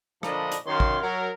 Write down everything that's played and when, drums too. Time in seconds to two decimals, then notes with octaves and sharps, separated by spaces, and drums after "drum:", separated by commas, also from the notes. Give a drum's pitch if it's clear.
0.23 A#2 D3 F3 D4 D#5 B5, drum: rim click
0.52 drum: hi-hat
0.66 F#2 D#3 C#5 F5 C6
0.80 drum: kick
1.01 F#3 A#4